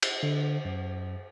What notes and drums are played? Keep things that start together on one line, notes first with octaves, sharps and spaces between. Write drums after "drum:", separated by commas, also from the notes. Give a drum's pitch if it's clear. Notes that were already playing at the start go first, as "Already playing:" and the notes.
drum: cymbal
D3
F#2